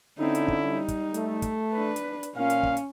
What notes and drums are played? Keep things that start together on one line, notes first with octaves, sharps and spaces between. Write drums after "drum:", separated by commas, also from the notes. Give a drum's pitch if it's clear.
D3 C4 C#4 D#4 E4
drum: hi-hat
drum: kick
G3 D#4
drum: kick, hi-hat
A3, drum: hi-hat
drum: kick, hi-hat
D4 B4
drum: hi-hat
drum: hi-hat
A#2 C#4 F5
drum: hi-hat
drum: kick
drum: hi-hat